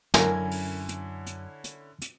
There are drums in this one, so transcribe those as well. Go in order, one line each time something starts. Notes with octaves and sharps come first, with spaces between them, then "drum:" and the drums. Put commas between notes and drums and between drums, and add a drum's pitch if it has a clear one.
F#2 D3 F#3 C#4 E4 A#4 G#5 G#6, drum: snare
drum: open hi-hat
drum: hi-hat
drum: hi-hat
drum: hi-hat
drum: hi-hat